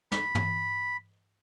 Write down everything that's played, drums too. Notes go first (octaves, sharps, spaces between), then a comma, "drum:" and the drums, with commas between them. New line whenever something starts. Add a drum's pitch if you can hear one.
B5, drum: snare
drum: tom